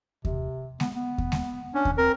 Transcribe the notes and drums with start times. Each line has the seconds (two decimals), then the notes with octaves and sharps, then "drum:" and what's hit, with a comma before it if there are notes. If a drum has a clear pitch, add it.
0.25 C3, drum: kick D#2
0.80 B3, drum: snare G#3
0.96 B3
1.18 drum: kick D#2
1.32 drum: snare G#3
1.75 C#4 D4
1.85 drum: kick D#2
1.98 C4 A#4